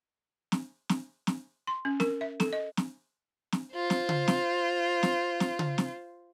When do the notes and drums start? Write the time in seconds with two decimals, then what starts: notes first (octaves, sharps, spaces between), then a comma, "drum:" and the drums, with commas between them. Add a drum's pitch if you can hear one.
0.52 drum: snare
0.89 drum: snare
1.27 drum: snare
1.67 C6
1.85 C#4
2.00 A#4, drum: snare
2.21 E5
2.40 A4, drum: snare
2.53 D#5
2.77 drum: snare
3.52 drum: snare
3.75 F4 C5
3.90 drum: snare
4.09 drum: tom C#3
4.28 drum: snare
5.03 drum: snare
5.40 drum: snare
5.59 drum: tom C#3
5.78 drum: snare